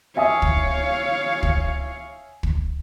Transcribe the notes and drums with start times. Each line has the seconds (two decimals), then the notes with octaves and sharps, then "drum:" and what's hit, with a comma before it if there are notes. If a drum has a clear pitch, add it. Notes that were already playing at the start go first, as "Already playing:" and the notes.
0.17 C#5 E5 F5 G#5 D#6
0.42 drum: kick
1.43 drum: kick
2.43 drum: kick